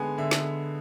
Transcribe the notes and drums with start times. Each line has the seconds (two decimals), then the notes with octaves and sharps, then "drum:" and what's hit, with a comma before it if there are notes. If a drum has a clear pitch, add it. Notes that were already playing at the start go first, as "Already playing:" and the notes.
Already playing: D3 G#3 B3 G#5
0.18 D3 E5
0.31 drum: snare